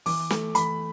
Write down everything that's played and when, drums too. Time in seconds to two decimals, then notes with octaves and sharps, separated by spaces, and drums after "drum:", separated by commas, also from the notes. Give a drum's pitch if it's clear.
0.06 E3 D6, drum: open hi-hat
0.31 A3, drum: snare
0.55 E3 B5, drum: hi-hat